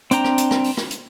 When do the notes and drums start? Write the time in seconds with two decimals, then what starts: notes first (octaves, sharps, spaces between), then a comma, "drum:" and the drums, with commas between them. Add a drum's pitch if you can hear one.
0.11 C4 D4 G5 A#5, drum: hi-hat
0.24 drum: rim click
0.38 drum: hi-hat
0.51 drum: rim click
0.64 drum: open hi-hat
0.77 drum: rim click
0.91 drum: hi-hat